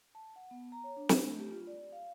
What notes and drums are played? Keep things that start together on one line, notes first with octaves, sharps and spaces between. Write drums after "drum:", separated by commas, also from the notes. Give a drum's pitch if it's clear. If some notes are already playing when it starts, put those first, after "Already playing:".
A5
F#5
B3
A#5
C#5
D4
D4, drum: snare
A3
G4
F4
D5
F5